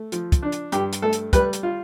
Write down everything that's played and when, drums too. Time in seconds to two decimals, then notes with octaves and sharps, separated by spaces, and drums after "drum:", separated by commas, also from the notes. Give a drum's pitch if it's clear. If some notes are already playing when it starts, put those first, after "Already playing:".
Already playing: A3
0.12 F3, drum: hi-hat
0.32 drum: kick, hi-hat
0.42 D4
0.52 drum: hi-hat
0.72 G2 G4, drum: hi-hat
0.93 drum: hi-hat
1.02 A3 A4
1.13 drum: hi-hat
1.33 G3 B4, drum: kick, hi-hat
1.53 drum: hi-hat
1.63 F4